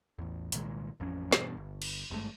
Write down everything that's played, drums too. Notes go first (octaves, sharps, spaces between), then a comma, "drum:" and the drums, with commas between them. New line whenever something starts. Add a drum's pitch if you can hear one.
A1 E2
C2 A#2 D#3 G#3, drum: hi-hat
A1 F2 F3 C#4
E2 G2 B2, drum: snare
G1
drum: cymbal
G#1 G2 G#3 A3